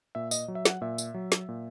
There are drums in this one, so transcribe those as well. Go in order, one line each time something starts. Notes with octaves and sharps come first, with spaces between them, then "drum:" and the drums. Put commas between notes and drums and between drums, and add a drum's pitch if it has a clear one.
A#2 E5
D#5, drum: tambourine
F#3
E5
F#5, drum: snare
A#2 E5
drum: tambourine
F#3
drum: snare
A#2